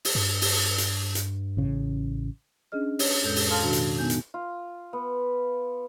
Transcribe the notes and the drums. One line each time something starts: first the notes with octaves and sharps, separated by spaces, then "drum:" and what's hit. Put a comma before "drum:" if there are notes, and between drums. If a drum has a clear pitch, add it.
drum: open hi-hat
G2
drum: open hi-hat
drum: hi-hat
drum: hi-hat
A1 C#3
C#4 D4 G#4 D#5 F6
C#5, drum: open hi-hat
F2 A2 G#3 A4 G6
drum: open hi-hat
A4 F5 A5 C6 F6
B2 D#3 D4 F#4 A#5
drum: hi-hat
A#2 B3 D#4 G#5 G6
drum: hi-hat
F4
B3